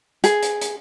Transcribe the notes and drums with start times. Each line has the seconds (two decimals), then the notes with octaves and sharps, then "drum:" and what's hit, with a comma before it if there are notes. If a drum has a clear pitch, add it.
0.24 G#4, drum: hi-hat
0.43 drum: hi-hat
0.61 drum: hi-hat